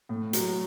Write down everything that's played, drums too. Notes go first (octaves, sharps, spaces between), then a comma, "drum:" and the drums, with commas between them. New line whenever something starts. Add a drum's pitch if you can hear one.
A2
F#3, drum: hi-hat